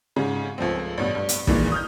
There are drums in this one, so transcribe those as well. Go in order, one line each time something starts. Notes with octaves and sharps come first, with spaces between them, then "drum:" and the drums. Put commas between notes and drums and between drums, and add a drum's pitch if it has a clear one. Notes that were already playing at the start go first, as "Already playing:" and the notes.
G#2 C#3 G#3
C#2 F3 A3 C4
A1 G2 B2
G2
drum: hi-hat
G2 A#2 D#3 E3 G#3, drum: kick
D#6 F6 G6